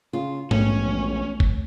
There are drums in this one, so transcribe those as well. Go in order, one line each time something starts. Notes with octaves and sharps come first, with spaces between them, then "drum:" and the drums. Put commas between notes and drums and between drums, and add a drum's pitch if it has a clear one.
C#3 F4
E1 A#1 A3 C#4, drum: tom G#2
drum: kick